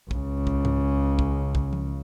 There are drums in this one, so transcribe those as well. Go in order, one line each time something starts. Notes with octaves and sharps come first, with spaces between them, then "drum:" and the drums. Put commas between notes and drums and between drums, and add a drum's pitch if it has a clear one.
C#2 C#3, drum: kick
drum: kick
drum: tom G#2
drum: kick
drum: kick
drum: tom F3